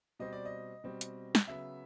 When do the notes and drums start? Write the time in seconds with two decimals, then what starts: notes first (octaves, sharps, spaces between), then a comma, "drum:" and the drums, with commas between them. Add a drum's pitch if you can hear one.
0.19 B2 G3 C4 D#5
0.33 D5
0.45 D#5
0.84 B2 G3 C4
1.01 drum: hi-hat
1.35 drum: snare
1.47 C#3 F#3 B3 E5